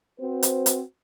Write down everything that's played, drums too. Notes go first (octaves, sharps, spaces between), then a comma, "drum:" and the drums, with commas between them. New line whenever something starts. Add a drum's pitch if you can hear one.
C4 F#4 B4 C5
drum: hi-hat
drum: hi-hat